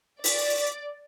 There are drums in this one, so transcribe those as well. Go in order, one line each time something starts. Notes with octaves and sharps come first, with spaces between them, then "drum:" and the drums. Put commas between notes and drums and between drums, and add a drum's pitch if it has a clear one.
D5, drum: open hi-hat